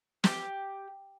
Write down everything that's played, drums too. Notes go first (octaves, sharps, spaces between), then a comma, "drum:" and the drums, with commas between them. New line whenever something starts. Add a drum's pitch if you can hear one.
G4, drum: snare